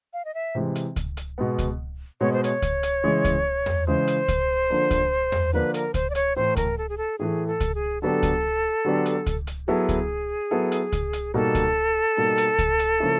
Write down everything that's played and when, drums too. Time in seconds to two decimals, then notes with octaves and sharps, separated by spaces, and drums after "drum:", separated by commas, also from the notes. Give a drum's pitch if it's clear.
0.13 F5
0.25 D#5
0.35 E5
0.55 C3 E3 G#3
0.76 drum: hi-hat
0.96 drum: kick C#2, hi-hat
1.17 drum: hi-hat
1.38 B2 G#3 B3
1.59 drum: kick C#2, hi-hat
2.20 B2 G#3 B3 C#5
2.33 C5
2.44 C#5, drum: hi-hat
2.62 drum: kick C#2, hi-hat
2.83 drum: hi-hat
3.04 C#3 E3 G#3
3.25 drum: kick C#2, hi-hat
3.66 drum: tom E2
3.87 C#3 E3 G#3 C5
4.08 drum: hi-hat
4.28 drum: kick C#2, hi-hat
4.70 D3 F3 A#3 D4
4.91 drum: kick C#2, hi-hat
5.32 drum: tom E2
5.53 D3 F3 A#3 D4 B4
5.74 A#4, drum: hi-hat
5.94 C5, drum: kick C#2, hi-hat
6.10 D5
6.15 C#5, drum: hi-hat
6.36 A2 E3 A3 C5
6.57 A#4, drum: kick C#2, hi-hat
6.78 A4
6.89 G#4
6.98 A4
7.18 A2 E3 A3 G#4
7.47 A4
7.60 drum: kick C#2, hi-hat
7.75 G#4
8.02 D3 F#3 B3 D4 G4 A4
8.23 drum: kick C#2, hi-hat
8.85 D3 F#3 B3 D4 G4
9.06 drum: hi-hat
9.26 drum: kick C#2, hi-hat
9.47 drum: hi-hat
9.68 F#3 B3 E4 G#4 A4
9.89 drum: kick C#2, hi-hat
10.51 F#3 B3 E4 A4
10.72 drum: hi-hat
10.93 drum: kick C#2, hi-hat
11.13 drum: hi-hat
11.34 B2 G3 A#3 D#4 A4
11.55 drum: kick C#2, hi-hat
12.17 B2 G3 A#3 D#4
12.38 drum: hi-hat
12.59 drum: kick C#2, hi-hat
12.79 drum: hi-hat
13.00 C#3 F3 A#3 C#4 E4